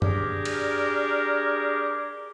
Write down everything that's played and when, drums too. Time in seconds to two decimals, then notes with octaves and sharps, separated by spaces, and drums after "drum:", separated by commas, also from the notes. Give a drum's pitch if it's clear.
0.02 D4 G4 G#4 A#4, drum: tom F#2
0.45 drum: cymbal